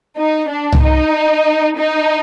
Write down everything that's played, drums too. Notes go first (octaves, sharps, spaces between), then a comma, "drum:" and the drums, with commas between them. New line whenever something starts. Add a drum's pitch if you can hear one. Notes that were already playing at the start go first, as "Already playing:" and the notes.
D#4
D4
drum: tom
D#4
D#4